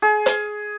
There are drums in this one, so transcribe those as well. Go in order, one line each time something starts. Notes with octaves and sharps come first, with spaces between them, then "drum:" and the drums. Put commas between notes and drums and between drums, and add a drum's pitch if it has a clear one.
G#4
drum: hi-hat